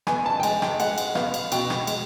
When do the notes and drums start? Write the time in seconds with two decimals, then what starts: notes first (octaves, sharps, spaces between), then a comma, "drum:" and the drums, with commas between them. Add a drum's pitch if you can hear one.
0.07 B3 G#5, drum: rim click
0.26 A5
0.40 G5
0.43 G#3 G#5, drum: cymbal
0.62 G5, drum: rim click
0.80 G#3 F#5, drum: cymbal
0.98 drum: cymbal
1.15 B3 F5, drum: rim click
1.34 drum: cymbal
1.52 B2 G5, drum: cymbal
1.70 drum: rim click
1.87 G#3, drum: cymbal